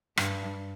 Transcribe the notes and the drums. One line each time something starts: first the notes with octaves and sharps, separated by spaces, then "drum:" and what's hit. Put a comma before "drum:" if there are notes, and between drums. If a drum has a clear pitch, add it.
G2, drum: rim click